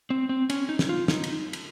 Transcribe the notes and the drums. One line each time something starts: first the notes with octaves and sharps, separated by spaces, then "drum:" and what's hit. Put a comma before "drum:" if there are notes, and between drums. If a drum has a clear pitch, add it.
C4
C4
C#4, drum: cymbal
D#4
drum: snare
F4
D#4, drum: snare
drum: cymbal
drum: cymbal